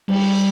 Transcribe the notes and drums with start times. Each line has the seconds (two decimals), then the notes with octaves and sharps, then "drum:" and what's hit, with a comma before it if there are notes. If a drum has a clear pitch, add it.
0.08 G3, drum: cymbal